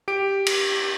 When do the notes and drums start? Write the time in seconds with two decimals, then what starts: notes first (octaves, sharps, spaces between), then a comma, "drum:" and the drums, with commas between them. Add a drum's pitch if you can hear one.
0.08 G4 D7
0.46 drum: cymbal